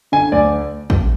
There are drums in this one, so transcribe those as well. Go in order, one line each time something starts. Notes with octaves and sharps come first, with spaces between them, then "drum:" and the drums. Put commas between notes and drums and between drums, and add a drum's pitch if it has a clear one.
D3 G#5
D2 D5
drum: kick